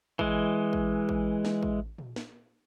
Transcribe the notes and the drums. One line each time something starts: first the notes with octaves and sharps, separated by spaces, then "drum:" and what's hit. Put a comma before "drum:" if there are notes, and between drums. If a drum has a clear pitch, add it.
E3 G#3, drum: kick A1
drum: kick A1
drum: kick A1
drum: snare
drum: kick A1
drum: tom A#2
drum: snare